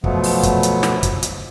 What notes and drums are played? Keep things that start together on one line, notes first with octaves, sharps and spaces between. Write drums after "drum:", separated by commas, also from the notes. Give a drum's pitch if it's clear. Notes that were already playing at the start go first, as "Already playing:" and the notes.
B2 F3 F#3 A3 B3, drum: kick
drum: open hi-hat
drum: kick, hi-hat
drum: hi-hat
drum: snare
drum: kick, hi-hat
drum: hi-hat